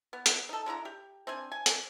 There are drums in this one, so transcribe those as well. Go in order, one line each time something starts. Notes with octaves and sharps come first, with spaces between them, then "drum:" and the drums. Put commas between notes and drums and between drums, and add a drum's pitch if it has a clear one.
B3
drum: hi-hat
D#4 A4
D3 G#3 E4 A#5
G4
C4 D4 G#5
G#5
drum: hi-hat